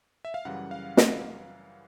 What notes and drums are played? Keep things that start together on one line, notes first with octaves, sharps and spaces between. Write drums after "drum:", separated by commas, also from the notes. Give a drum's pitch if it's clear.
E5
F5
F#2 C#3 E3 G3 F#5
F5
drum: snare